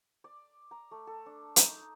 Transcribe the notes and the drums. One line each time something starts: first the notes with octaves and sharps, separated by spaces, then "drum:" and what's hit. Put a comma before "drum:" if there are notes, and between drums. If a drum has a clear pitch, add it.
D5
A#5
A3
A4
D4
D#4, drum: hi-hat